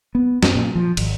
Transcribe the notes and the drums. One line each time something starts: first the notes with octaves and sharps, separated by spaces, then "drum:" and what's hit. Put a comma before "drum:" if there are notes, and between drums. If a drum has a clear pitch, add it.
B3
F#2, drum: snare
A#2
F3
G#1, drum: cymbal